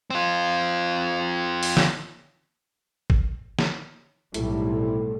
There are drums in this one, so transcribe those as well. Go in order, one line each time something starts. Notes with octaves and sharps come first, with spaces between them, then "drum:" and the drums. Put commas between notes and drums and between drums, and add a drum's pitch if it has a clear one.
C4 F4
drum: open hi-hat
drum: snare
drum: kick
drum: snare
B1 A2 C3 G3 A3 E4, drum: hi-hat